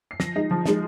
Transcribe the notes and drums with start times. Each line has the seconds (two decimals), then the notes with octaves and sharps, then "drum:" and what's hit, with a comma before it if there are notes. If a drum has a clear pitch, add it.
0.11 C7
0.20 F3 A#6, drum: snare
0.36 G#3 D#4
0.51 F3
0.66 G#3 D#4, drum: snare